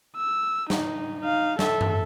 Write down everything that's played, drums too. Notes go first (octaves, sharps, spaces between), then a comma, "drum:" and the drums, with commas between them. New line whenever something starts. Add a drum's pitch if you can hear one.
E6
D#4, drum: snare
D#4 F5
A4 E5, drum: snare
drum: tom F#2